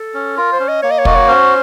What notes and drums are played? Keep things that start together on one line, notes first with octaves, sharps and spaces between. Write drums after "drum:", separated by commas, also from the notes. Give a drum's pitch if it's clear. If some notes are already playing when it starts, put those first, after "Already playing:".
Already playing: A4
C#4
F4 A#4
C5
C#4
D#5
A#3 C#5
D#5
C#5
F#4 D#5, drum: kick
C#5
C#4 C5